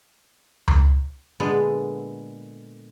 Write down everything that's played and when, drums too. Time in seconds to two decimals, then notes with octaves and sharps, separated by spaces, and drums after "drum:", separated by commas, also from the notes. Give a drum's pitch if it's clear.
0.68 drum: tom C#2
1.40 A#2 D3 G#3 B3 A4